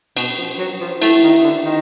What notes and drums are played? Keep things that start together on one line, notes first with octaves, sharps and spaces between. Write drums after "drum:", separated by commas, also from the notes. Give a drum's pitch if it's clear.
B2, drum: cymbal
F3
F#3
F3
A3 E4, drum: cymbal
D#3
D3
D#3